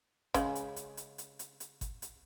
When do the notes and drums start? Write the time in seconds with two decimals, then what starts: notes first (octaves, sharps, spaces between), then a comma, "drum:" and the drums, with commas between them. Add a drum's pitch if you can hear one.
0.34 C#3 G#3, drum: kick G1, hi-hat
0.55 drum: hi-hat
0.76 drum: hi-hat
0.97 drum: hi-hat
1.18 drum: hi-hat
1.39 drum: hi-hat
1.60 drum: hi-hat
1.81 drum: kick G1, hi-hat
2.02 drum: hi-hat